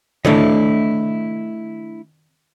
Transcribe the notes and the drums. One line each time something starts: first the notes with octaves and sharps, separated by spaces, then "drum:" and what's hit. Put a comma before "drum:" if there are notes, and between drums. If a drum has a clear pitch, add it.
A3 D4 E4 A4 C#5 D#5, drum: tom D#3